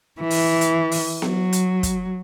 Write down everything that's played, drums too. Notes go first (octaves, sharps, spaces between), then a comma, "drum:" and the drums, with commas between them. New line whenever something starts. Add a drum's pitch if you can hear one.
E3
drum: open hi-hat
drum: hi-hat
drum: open hi-hat
F#3, drum: snare B3
drum: hi-hat
drum: kick, hi-hat